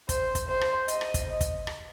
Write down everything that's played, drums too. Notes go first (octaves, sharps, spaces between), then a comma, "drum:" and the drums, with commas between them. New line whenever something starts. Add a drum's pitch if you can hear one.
C5, drum: kick, hi-hat
drum: kick, hi-hat
C5
drum: rim click
D#5, drum: hi-hat
drum: rim click
drum: kick, hi-hat
drum: kick, hi-hat
drum: rim click